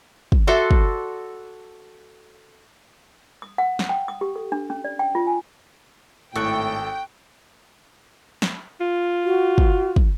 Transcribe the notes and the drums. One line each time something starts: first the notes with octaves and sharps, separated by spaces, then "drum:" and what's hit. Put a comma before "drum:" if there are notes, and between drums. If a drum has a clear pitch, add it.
drum: kick
F#4 A4 D5 E5 C6
drum: kick
D#6
F#5
drum: snare
G5
D#6
G4
A4
D4
C#4
D5
G5
F4
G#5
G#1 A2 A4 G5 C#6 F#6
drum: snare
F4
F#4
drum: kick
drum: kick